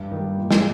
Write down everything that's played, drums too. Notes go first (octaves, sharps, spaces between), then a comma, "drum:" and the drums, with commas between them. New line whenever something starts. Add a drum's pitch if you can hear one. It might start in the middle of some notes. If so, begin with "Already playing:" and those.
Already playing: G2
D#3 G3
A#2
drum: snare